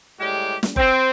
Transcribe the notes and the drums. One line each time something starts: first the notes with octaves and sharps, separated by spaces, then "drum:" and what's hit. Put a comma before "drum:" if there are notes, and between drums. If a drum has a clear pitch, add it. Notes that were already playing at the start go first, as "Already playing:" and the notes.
A2 G3 G#3 G4
drum: snare
C4, drum: kick F#1